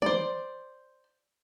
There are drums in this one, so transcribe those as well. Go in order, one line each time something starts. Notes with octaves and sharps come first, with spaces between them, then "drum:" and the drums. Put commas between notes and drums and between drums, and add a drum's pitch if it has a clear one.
C5 D5, drum: tom